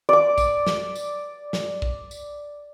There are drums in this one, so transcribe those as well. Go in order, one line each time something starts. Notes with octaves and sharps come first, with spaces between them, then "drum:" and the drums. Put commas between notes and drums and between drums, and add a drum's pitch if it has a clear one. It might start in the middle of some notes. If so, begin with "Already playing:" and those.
D5 D6
drum: kick A#1, tambourine
drum: snare
drum: tambourine
drum: snare
drum: kick A#1
drum: tambourine